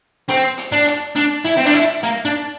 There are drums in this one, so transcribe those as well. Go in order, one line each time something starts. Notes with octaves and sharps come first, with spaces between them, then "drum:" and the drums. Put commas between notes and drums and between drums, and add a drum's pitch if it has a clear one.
C4, drum: open hi-hat
drum: hi-hat
D4
drum: hi-hat
D4, drum: hi-hat
E4, drum: hi-hat
C4
D4
E4, drum: hi-hat
A#3, drum: hi-hat
D4